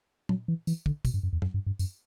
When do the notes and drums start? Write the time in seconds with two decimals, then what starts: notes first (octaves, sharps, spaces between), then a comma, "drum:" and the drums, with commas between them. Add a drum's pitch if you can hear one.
0.29 F#3, drum: tom A#2
0.48 E3
0.67 E3, drum: tambourine
0.86 D3, drum: kick
1.05 B2, drum: kick, tambourine
1.14 G2
1.23 F#2
1.33 E2
1.42 F#2, drum: tom
1.54 G2
1.66 G2
1.79 F#2, drum: tambourine